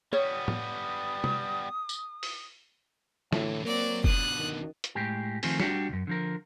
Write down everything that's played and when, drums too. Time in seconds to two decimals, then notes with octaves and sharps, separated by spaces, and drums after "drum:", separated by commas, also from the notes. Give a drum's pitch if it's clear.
0.13 G3 B3 C#5 D#6
0.48 drum: tom
1.24 drum: tom
1.89 drum: tambourine
2.23 drum: open hi-hat
3.32 A2 D3 E3, drum: snare
3.65 F#3 A#3 C4 D5
4.04 B2 D3 D#6 F#6, drum: kick F1
4.38 D#3
4.84 drum: hi-hat
4.95 A2 G#3 G4
5.43 D#3 F3 A3 C4 G#4, drum: open hi-hat
5.60 G3 D4 F#4 G4, drum: snare
5.89 C#2 F#2
6.07 D3 F3 A#4